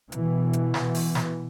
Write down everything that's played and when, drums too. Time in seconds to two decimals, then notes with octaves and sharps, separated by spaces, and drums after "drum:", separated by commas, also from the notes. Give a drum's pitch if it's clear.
0.12 B2 E3 B3, drum: hi-hat
0.53 drum: hi-hat
0.74 drum: snare
0.95 drum: open hi-hat
1.15 drum: snare